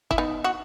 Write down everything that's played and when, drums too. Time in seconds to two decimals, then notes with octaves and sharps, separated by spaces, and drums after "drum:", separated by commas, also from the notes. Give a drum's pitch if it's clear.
0.11 E4, drum: kick G1
0.18 B3 D#4
0.44 F#4